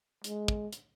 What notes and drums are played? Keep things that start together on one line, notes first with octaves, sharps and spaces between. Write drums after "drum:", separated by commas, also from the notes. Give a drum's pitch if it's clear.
G#3, drum: hi-hat
drum: kick
drum: hi-hat